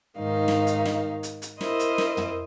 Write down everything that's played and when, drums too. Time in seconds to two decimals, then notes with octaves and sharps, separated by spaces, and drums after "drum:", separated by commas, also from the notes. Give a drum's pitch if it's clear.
0.19 G#2 D#3 D#4 F5
0.48 drum: snare
0.67 drum: hi-hat
0.85 drum: snare
1.23 drum: hi-hat
1.42 drum: hi-hat
1.61 E4 A#4 C5 D#5, drum: snare
1.79 drum: hi-hat
1.98 drum: snare
2.17 drum: tom